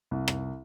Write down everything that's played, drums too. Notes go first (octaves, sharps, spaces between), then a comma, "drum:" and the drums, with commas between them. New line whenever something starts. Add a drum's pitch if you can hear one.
C2
drum: rim click